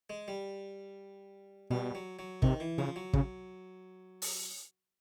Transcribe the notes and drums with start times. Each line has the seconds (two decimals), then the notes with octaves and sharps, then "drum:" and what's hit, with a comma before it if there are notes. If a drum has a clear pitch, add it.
0.10 G#3
0.28 G3
1.70 B2 G3
1.95 F#3
2.19 F#3
2.42 C3 D#3, drum: kick
2.60 E3
2.78 C#3 F3
2.96 F#3
3.13 C#3, drum: kick
4.22 drum: open hi-hat